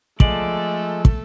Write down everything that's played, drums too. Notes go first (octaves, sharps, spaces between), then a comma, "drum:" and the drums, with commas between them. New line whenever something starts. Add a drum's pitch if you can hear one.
F3 G#3 A3 A4 D5, drum: kick
drum: kick